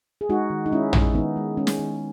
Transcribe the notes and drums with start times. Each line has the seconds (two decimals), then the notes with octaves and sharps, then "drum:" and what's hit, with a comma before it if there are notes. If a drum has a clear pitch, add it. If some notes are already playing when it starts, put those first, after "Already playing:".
0.21 G#4
0.29 G#3 D#4 F#4
0.50 D#3
0.66 D#4
0.71 G#3 C#4 E4
0.93 G#3, drum: tom
1.14 D#3 B3 D#4
1.37 G#3
1.57 G#3 C#4
1.67 drum: snare
1.79 D#3